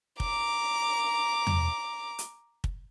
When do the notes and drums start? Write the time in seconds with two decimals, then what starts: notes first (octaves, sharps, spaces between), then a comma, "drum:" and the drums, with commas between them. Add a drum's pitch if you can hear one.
0.20 A#5 D6, drum: kick
1.47 drum: tom E2
2.18 drum: hi-hat
2.64 drum: kick